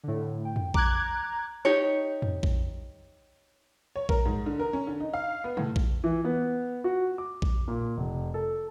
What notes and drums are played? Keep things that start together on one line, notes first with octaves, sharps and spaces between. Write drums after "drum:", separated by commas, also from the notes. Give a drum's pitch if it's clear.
A2 D3
G5
drum: tom F2
A#5 D6 F#6 G#6, drum: kick A#1
D#4 G4 C#5
drum: tom F2
drum: kick A#1
C#5
A#4, drum: kick A#1
G#2
D3
A#4
C#4
D3
D#4
F5
B3
A2, drum: tom C3
drum: kick A#1
E3
B3
F#4
D6
drum: kick A#1
A#2
F1
A4